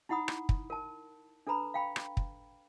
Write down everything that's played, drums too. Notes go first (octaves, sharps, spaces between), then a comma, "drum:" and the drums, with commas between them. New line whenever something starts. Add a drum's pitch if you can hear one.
D#4 E4 F#5 B5 D#6
drum: rim click
drum: kick
A#4 A5
D4 A4 B4 A#5 B5
F5 G5 B5
drum: rim click
drum: kick